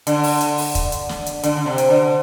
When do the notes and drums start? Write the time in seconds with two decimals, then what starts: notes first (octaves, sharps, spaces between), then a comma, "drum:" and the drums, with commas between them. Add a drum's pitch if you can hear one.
0.07 D3, drum: hi-hat
0.23 drum: open hi-hat
0.41 drum: hi-hat
0.58 drum: open hi-hat
0.75 drum: kick, hi-hat
0.92 drum: hi-hat
1.09 drum: snare
1.26 drum: hi-hat
1.43 D3, drum: hi-hat
1.57 D3
1.66 C3
1.78 drum: hi-hat
1.90 D3